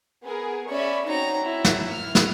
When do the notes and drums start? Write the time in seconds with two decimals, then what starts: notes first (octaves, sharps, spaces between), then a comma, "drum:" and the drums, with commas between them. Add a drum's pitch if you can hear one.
0.24 B3 G#4 A#4
0.70 C#4 D5 E5 B5 C#6
1.06 F#3 C4 D#4 A#5
1.44 E4
1.65 drum: snare
1.90 F6
2.15 drum: snare